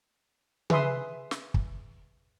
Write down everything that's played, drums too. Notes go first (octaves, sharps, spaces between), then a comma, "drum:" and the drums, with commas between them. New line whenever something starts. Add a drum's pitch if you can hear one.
G#4 B4 E5 C6 D#6, drum: tom C#3
drum: snare
drum: kick